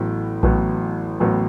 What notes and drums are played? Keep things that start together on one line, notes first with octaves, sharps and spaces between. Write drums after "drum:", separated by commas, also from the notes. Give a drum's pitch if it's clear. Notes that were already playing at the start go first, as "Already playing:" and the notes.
Already playing: A1 A2 F#3 B3
A1 A2 F#3 B3, drum: kick A#1
A1 A2 F#3 B3